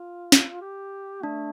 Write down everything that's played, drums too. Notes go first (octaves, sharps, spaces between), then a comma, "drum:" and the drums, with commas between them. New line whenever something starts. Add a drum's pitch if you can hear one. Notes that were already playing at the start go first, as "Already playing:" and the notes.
Already playing: F4
drum: snare
G4
A3 D4